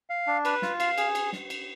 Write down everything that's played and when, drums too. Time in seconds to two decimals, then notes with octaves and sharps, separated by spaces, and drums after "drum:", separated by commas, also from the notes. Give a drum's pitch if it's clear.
0.10 F5
0.27 D4
0.45 B4, drum: cymbal
0.62 F4, drum: snare
0.80 F5, drum: cymbal
0.98 G#4, drum: cymbal
1.15 drum: cymbal
1.33 drum: snare
1.50 drum: cymbal